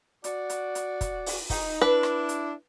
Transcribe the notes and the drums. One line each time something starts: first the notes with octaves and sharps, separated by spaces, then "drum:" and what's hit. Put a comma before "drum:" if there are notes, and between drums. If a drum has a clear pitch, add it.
F#4 D5, drum: hi-hat
drum: hi-hat
drum: hi-hat
drum: kick, hi-hat
drum: open hi-hat
D#4, drum: kick, open hi-hat
D4 E4 B4
drum: rim click
drum: hi-hat